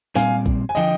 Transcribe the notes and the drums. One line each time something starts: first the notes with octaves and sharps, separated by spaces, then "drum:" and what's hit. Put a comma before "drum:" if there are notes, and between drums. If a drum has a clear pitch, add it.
A#2 G3 C4 F5 G#5, drum: snare
drum: kick A#1
G#5
D3 F3 D#5 G5